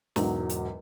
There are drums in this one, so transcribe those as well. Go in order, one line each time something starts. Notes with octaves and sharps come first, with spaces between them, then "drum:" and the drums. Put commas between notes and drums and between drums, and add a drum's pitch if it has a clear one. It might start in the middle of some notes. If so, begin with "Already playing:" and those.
E1 E2 G#2 F#3, drum: snare
drum: hi-hat